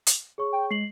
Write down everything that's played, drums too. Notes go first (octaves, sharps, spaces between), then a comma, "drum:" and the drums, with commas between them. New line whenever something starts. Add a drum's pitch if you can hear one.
drum: hi-hat
G#4 C#5 C#6
G5
G#3 C7 F#7